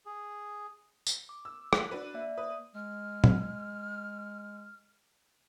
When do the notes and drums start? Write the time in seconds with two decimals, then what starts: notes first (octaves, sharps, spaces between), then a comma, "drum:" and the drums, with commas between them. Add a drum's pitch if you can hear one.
0.06 G#4
1.07 drum: tambourine
1.29 D6
1.45 E6
1.73 F#6 B6, drum: rim click
1.91 D4 F#4 B4
2.14 A#3 D5 E5
2.38 B4 D#6
2.75 G#3 F6
3.24 drum: tom A#2